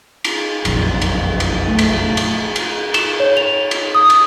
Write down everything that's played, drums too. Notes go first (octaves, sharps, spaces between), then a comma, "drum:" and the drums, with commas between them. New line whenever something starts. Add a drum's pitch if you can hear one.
drum: cymbal
F1 A#1 F#2, drum: cymbal
drum: cymbal
drum: cymbal
A3
drum: cymbal
drum: cymbal
drum: cymbal
E7, drum: cymbal
C#5
F7
drum: cymbal
D#6
drum: cymbal